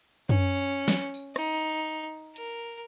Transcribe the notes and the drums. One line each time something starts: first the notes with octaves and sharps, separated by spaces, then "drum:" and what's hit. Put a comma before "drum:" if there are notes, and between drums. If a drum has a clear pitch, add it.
C#4, drum: tom F#2
drum: snare
drum: tambourine
D#4, drum: rim click
A#4, drum: hi-hat